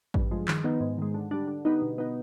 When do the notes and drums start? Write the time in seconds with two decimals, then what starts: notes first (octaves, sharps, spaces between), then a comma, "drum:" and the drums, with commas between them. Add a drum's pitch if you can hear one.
0.14 G2, drum: kick A1
0.31 F3 G#3
0.48 D#3, drum: clap
0.64 B3 D#4
0.81 G#2
0.98 D#3 G#3
1.14 D3
1.31 G3 D4
1.48 D3
1.65 G3 B3 D#4
1.82 B2
1.98 B3 D#4